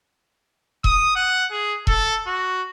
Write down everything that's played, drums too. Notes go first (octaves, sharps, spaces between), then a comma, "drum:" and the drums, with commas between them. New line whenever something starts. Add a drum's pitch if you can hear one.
D#6, drum: kick E1
F#5
G#4
A4, drum: kick E1
F#4